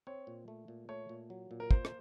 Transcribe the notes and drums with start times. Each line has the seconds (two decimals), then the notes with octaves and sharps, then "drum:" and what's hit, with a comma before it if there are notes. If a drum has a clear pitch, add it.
0.07 C4 C#5
0.27 A#2
0.48 A3
0.68 A#2
0.89 A3 C#5
1.09 A#2
1.30 F#3
1.51 A#2
1.60 A#4
1.71 A#3 C5, drum: kick
1.85 drum: rim click